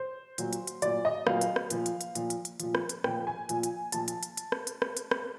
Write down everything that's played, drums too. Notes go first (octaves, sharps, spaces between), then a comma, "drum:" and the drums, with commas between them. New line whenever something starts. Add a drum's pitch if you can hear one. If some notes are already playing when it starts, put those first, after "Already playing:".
Already playing: C5
A#2 F#3, drum: hi-hat
drum: hi-hat
drum: hi-hat
A#2 F#3 D5, drum: hi-hat
D#5
A#2 F#3 F5, drum: rim click
drum: hi-hat
drum: rim click
A#2 F3, drum: hi-hat
drum: hi-hat
drum: hi-hat
A#2 F3, drum: hi-hat
drum: hi-hat
drum: hi-hat
A#2 F3, drum: hi-hat
drum: rim click
drum: hi-hat
A#2 F3 G5, drum: rim click
G#5
A#2 F3, drum: hi-hat
drum: hi-hat
A#2 F3 A5, drum: hi-hat
drum: hi-hat
drum: hi-hat
drum: hi-hat
drum: rim click
drum: hi-hat
drum: rim click
drum: hi-hat
drum: rim click